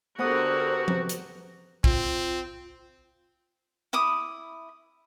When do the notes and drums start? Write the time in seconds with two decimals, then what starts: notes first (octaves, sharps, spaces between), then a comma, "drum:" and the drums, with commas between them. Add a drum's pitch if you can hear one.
0.19 D3 B3 F#4 G4 A#4 C5 F#5 D#6
0.88 drum: tom F3
1.09 drum: hi-hat
1.84 C4 F4, drum: kick
3.93 E4 B5 D6 D#6